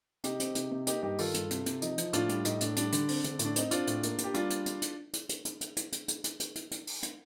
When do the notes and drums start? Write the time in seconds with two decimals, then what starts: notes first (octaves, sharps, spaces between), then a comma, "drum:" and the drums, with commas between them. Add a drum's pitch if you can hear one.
0.24 C3 D#4 G4, drum: hi-hat
0.40 C4, drum: hi-hat
0.55 C3, drum: hi-hat
0.71 C3
0.87 A#3 D#4 G4, drum: hi-hat
1.03 G2 D#4 G4
1.18 D#3 F4 A4, drum: open hi-hat
1.34 G2, drum: hi-hat
1.50 C3, drum: hi-hat
1.66 C3, drum: hi-hat
1.82 F3 D#4, drum: hi-hat
1.98 F3, drum: hi-hat
2.13 A2 D4 F4, drum: hi-hat
2.29 G3, drum: hi-hat
2.45 A2 D#4, drum: hi-hat
2.61 A2 D4, drum: hi-hat
2.76 G3 D4, drum: hi-hat
2.92 D3, drum: hi-hat
3.08 C4, drum: open hi-hat
3.24 D3, drum: hi-hat
3.39 A2, drum: hi-hat
3.45 D4
3.56 C4 D#4, drum: hi-hat
3.71 C4 D4 F4, drum: hi-hat
3.87 A2, drum: hi-hat
4.03 A#3, drum: hi-hat
4.18 A#3, drum: hi-hat
4.24 G4
4.34 G3 D4 F4, drum: hi-hat
4.50 drum: hi-hat
4.66 drum: hi-hat
4.82 drum: hi-hat
5.13 drum: hi-hat
5.29 drum: hi-hat
5.45 drum: hi-hat
5.61 drum: hi-hat
5.77 drum: hi-hat
5.92 drum: hi-hat
6.08 drum: hi-hat
6.24 drum: hi-hat
6.40 drum: hi-hat
6.56 drum: hi-hat
6.71 drum: hi-hat
6.87 drum: open hi-hat
7.03 drum: hi-hat